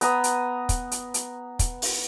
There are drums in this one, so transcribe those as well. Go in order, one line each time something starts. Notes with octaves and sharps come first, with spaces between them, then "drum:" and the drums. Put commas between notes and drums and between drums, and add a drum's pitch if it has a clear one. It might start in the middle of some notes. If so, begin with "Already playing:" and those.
B3 A#5 D#6, drum: hi-hat
drum: hi-hat
drum: kick, hi-hat
drum: hi-hat
drum: hi-hat
drum: kick, hi-hat
drum: open hi-hat